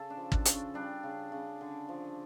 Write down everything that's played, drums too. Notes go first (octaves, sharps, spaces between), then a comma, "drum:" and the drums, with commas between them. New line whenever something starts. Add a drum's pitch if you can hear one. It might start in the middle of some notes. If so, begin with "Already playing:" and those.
Already playing: C#3 A4
D4
F3
D4, drum: kick
C#3, drum: hi-hat
C#4
G3 D4
C#3
C#3
D3
F3